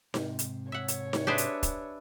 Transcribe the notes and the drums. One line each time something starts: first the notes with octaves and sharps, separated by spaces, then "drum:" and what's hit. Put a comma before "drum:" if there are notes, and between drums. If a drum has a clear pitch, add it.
G#2 C3, drum: snare D#4
drum: hi-hat
C#5 E5 F#5
drum: hi-hat
drum: snare D#4
D4 G4 G#4 B4 C5 E5
drum: hi-hat
drum: kick, hi-hat